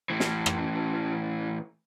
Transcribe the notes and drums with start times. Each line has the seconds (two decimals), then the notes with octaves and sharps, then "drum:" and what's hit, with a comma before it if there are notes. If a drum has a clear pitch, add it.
0.10 A2 E3
0.20 drum: snare
0.46 drum: rim click